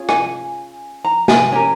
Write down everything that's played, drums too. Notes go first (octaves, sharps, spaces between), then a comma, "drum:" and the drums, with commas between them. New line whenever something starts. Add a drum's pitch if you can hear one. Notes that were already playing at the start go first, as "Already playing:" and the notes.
Already playing: C#4 F4 G#4
G#5, drum: rim click
A#5
G#5, drum: snare
C#4 G4 A#4 G#5